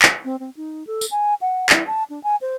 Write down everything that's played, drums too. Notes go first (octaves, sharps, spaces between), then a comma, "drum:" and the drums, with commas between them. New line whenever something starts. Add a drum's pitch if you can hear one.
drum: clap
C4
C4
D#4
A4
drum: tambourine
G#5
F#5
E4, drum: clap
A5
D4
G#5
C5